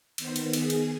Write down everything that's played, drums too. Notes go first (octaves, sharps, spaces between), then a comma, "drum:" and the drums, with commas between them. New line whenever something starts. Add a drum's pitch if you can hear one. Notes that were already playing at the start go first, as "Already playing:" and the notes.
D#3 B3 C5, drum: cymbal
drum: cymbal
G#4, drum: cymbal
drum: cymbal